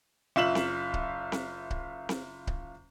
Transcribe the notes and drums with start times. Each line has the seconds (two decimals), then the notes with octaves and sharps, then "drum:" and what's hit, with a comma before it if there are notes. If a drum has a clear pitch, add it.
0.36 F#1 F4 E5 E7 F#7
0.55 drum: snare C4
0.94 drum: kick C#1
1.32 drum: snare C4
1.70 drum: kick C#1
2.09 drum: snare C4
2.47 drum: kick C#1